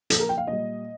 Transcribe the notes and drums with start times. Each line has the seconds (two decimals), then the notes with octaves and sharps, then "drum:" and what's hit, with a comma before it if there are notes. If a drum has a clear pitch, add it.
0.10 A#2 F3 A4, drum: hi-hat
0.20 A#4
0.29 G5
0.38 F5
0.47 A#2 G3 D#5